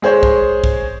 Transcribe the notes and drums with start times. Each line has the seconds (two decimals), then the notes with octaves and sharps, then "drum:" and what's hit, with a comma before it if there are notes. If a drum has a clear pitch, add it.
0.02 G#3 G#4 C5 C#5
0.23 drum: kick
0.64 drum: kick